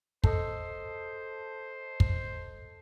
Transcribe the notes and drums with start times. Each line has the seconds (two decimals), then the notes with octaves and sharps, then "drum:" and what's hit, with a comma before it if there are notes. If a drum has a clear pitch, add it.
0.24 A4 C5 D#5, drum: kick
2.00 drum: kick